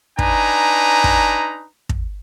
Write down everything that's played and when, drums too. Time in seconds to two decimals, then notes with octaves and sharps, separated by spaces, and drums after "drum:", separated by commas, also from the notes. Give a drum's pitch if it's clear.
0.19 D4 D#4 B4 G#5 A#5, drum: kick
1.04 drum: kick
1.89 drum: kick